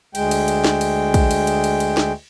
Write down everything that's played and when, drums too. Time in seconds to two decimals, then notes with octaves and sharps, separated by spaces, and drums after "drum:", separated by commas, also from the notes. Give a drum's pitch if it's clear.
0.15 D2 G#3 G5, drum: cymbal
0.31 drum: cymbal
0.48 drum: cymbal
0.64 drum: snare
0.81 drum: cymbal
1.14 drum: kick, cymbal
1.31 drum: cymbal
1.47 drum: cymbal
1.64 drum: cymbal
1.80 drum: cymbal
1.97 drum: snare